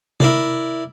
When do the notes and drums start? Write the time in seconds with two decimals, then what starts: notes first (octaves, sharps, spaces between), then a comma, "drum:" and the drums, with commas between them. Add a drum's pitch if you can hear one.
0.20 E4 A#4 D5, drum: tom C3